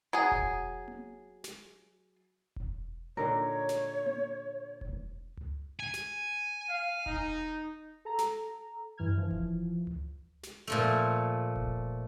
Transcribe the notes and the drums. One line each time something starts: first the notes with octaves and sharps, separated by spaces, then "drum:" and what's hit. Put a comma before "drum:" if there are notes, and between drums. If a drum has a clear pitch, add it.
F#3 G#4
drum: kick E1
drum: tom A#3
drum: snare
drum: kick E1
A#2 D3 D#4 A#4 C#5
drum: snare
drum: tom A#3
drum: kick E1
drum: tom C#2
G#5
drum: snare
F5
D#4, drum: kick E1
A4 A#5
drum: snare
G2 E3 F6 G#6
E3 F3
drum: kick E1
drum: tom C#2
drum: snare
A#2 F3 A3
drum: kick E1